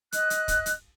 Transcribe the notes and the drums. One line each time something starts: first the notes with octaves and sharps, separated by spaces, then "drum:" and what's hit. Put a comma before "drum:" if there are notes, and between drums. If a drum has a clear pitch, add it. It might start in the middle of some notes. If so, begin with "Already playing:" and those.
D#5 F#6, drum: hi-hat
drum: hi-hat
drum: kick, hi-hat
drum: hi-hat